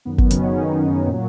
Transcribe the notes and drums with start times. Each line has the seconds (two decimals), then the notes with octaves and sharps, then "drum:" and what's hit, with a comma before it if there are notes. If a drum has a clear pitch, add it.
0.05 F#2 D#3 F#3 B3
0.18 B3, drum: kick
0.31 C#3 C#4, drum: hi-hat
0.43 D#3 D#4
1.07 A#2
1.13 F#3